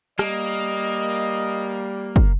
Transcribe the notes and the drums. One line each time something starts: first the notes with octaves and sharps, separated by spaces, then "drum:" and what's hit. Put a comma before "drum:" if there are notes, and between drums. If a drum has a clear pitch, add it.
G3 A#3 D#5, drum: rim click
drum: kick